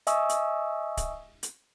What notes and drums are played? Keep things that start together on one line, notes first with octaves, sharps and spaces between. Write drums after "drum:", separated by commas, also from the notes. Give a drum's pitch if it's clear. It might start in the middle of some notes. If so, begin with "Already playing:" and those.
D#5 E5 G#5 C#6 D#6 E6, drum: hi-hat
drum: hi-hat
drum: kick C#1, hi-hat
drum: hi-hat